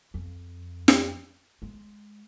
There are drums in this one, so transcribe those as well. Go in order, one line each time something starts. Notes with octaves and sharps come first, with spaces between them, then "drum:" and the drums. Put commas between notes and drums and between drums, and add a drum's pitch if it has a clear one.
F2
drum: snare
G#3